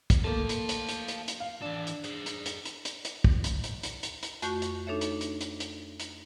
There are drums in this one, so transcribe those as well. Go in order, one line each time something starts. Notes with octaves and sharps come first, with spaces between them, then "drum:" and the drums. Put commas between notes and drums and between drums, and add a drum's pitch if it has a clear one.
drum: kick, hi-hat
A3 A#3 F5 A5
drum: hi-hat
drum: hi-hat
drum: hi-hat
drum: hi-hat
drum: hi-hat
F5
E3 D4 A4
drum: hi-hat
G#4 C5, drum: hi-hat
drum: hi-hat
drum: hi-hat
drum: hi-hat
drum: hi-hat
drum: hi-hat
drum: kick
drum: hi-hat
drum: hi-hat
drum: hi-hat
drum: hi-hat
drum: hi-hat
F2 A3 F#4 C#6 G6, drum: hi-hat
drum: hi-hat
D4 D#4 A4 C#5 E5
drum: hi-hat
drum: hi-hat
drum: hi-hat
drum: hi-hat
drum: hi-hat